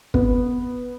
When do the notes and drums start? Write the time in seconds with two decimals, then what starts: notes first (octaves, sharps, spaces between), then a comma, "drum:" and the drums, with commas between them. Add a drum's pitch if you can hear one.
0.14 B3, drum: kick